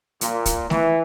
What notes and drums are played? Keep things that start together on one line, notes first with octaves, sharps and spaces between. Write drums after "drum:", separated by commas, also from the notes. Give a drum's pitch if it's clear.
A#2, drum: hi-hat
drum: kick, hi-hat
E3, drum: snare